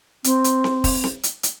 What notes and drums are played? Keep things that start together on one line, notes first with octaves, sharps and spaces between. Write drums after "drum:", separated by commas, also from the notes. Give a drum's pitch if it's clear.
C4, drum: hi-hat
drum: hi-hat
drum: snare C4
drum: kick, open hi-hat
drum: snare C4
drum: hi-hat
drum: hi-hat